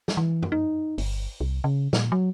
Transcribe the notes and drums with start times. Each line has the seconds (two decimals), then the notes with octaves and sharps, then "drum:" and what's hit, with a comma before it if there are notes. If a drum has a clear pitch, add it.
0.08 drum: snare
0.17 E3
0.42 drum: tom F#2
0.52 D#4
0.98 G1, drum: open hi-hat
1.41 C2
1.64 C#3
1.93 A#2, drum: snare
2.12 F#3